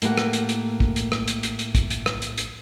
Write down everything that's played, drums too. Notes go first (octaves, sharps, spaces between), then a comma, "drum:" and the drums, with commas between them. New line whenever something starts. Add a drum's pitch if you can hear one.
A2 A#3 G4 A#4 F#5, drum: hi-hat
drum: rim click
drum: hi-hat
drum: hi-hat
drum: kick
drum: hi-hat
drum: rim click
drum: hi-hat
drum: hi-hat
drum: hi-hat
drum: kick, hi-hat
drum: hi-hat
drum: rim click
drum: hi-hat
drum: hi-hat